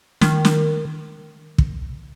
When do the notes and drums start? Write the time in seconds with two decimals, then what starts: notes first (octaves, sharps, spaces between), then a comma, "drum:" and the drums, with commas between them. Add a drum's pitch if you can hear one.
0.21 D#3, drum: snare
0.45 drum: snare
1.58 drum: kick